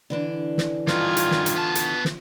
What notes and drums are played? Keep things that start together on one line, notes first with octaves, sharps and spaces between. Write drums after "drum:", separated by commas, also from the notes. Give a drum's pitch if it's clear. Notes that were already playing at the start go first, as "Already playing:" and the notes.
D3 E3 D4
drum: snare
G2 D#3 F4 G#5, drum: snare
drum: hi-hat
drum: snare
drum: hi-hat
B3 A5
drum: hi-hat
drum: snare